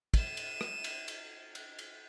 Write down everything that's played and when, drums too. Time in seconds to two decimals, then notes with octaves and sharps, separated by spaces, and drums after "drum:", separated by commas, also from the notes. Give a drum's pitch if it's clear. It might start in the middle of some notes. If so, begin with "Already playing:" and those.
0.14 D#7 E7, drum: kick, cymbal
0.37 drum: cymbal
0.61 drum: rim click
0.84 drum: cymbal
1.08 drum: cymbal
1.55 drum: cymbal
1.79 drum: cymbal